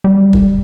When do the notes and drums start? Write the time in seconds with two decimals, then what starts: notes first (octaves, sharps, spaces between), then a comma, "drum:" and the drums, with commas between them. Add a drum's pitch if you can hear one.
0.04 G3
0.33 drum: kick